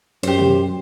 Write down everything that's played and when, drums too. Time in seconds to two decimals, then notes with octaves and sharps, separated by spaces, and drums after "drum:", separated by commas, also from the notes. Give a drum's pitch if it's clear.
0.23 F#2 G4 C5, drum: hi-hat
0.39 drum: tom B2